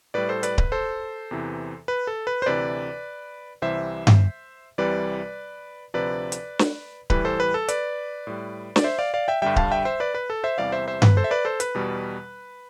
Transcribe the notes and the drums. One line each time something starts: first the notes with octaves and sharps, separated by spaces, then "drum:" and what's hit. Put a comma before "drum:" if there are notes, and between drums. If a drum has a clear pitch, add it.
A2 G3 B4 D5
A4 C5
B4 D5, drum: hi-hat
B4, drum: kick D1
A4 C5
E2 C3 E3
B4
A4
B4
C5
D2 C3 E3 B4 D5
C2 C3 E3 G3 C5 E5
drum: tom G2
C2 C3 E3 G3 B4 D5
D2 C3 F3 B4 D5
drum: hi-hat
drum: snare
A2 E3 G3 B4, drum: kick D1
A4 C5
B4
A4
B4 D5, drum: hi-hat
A2 G3
D5, drum: snare
C5 E5
D5 F5
D5 F5
E5 G5
G2 D3 G3 E5 G5
F5 A5, drum: kick D1
E5 G5
C5 E5
B4 D5
B4
A4
C5 E5
E2 C3 E3 G3 D5 F5
C5 E5
C5 E5
B4, drum: tom G2
A4 C5
E5
B4 D5
A4 C5
B4, drum: hi-hat
E2 B2 G3